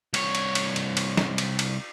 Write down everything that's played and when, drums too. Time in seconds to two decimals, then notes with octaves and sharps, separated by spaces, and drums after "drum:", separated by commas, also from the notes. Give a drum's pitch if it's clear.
0.14 C2 C#5, drum: cymbal
0.35 drum: cymbal
0.55 drum: cymbal
0.76 drum: cymbal
0.97 drum: cymbal
1.17 drum: snare
1.38 drum: cymbal
1.59 drum: cymbal